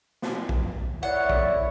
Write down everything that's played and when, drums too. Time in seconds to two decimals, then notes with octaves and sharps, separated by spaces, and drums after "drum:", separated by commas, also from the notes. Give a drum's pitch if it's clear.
0.22 drum: snare
0.49 drum: kick A#1
1.03 E4 C#5 D5 F#5
1.30 drum: kick A#1